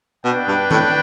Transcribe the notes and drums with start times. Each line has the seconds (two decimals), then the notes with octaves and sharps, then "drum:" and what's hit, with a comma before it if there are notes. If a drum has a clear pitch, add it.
0.24 B2 D4 B4 G5
0.48 G2
0.71 A2, drum: tom D#3